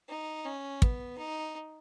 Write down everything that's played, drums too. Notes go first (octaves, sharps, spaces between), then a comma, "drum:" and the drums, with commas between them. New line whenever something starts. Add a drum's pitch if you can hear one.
D#4
C#4
B3, drum: kick
D#4